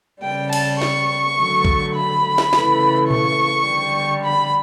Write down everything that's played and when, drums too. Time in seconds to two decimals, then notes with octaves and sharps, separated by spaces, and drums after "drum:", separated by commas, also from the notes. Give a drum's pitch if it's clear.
0.23 C#3 G3 G5
0.53 A5, drum: cymbal
0.81 C#6, drum: snare
1.39 D3 F#3 A3
1.65 drum: kick A1
1.95 B5
2.38 drum: snare
2.53 C#3 E3 A3, drum: snare
3.11 C#6, drum: tom A#2
3.67 D3 G3
4.24 B5